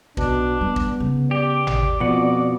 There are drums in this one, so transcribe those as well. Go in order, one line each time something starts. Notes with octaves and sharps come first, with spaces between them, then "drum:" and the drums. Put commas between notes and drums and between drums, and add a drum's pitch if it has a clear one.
B1 B2 D4, drum: kick
G3 B3
drum: kick
C#3
G4 D5
drum: tom G#1
F2 B2 F3 B3 F#5